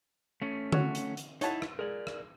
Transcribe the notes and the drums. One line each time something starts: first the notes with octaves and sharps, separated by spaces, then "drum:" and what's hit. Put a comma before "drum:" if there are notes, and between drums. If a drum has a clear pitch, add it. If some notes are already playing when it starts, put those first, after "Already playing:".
A3 C#4
F#4 C#5, drum: tom D3
drum: hi-hat
drum: hi-hat
D#4 E4 C#5 F#5 A5, drum: hi-hat
drum: rim click
G#3 A#4 D5
drum: rim click